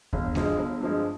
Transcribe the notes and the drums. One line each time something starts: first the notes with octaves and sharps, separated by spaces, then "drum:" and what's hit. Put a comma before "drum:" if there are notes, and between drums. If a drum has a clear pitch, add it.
G1, drum: kick D#2
G2 F3 G#3, drum: snare G#3
G1
G2 F3 G#3